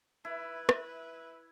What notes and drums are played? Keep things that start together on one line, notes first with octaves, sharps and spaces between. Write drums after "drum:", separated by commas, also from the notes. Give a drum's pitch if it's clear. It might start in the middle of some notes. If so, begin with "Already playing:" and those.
E4 B4 E5
drum: rim click